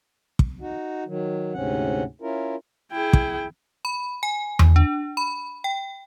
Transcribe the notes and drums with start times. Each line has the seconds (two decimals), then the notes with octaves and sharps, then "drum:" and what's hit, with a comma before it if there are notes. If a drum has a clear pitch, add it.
0.39 drum: kick
0.61 D#4 F#4
1.06 D#3 F#3
1.53 D2 G#2 C3 C4 C#4 F#5
2.21 C#4 E4 F4 A#4
2.92 E4 G#4 G5
3.13 drum: kick
3.85 B5
4.23 G#5
4.59 drum: tom E2
4.76 D4
5.17 B5
5.64 G5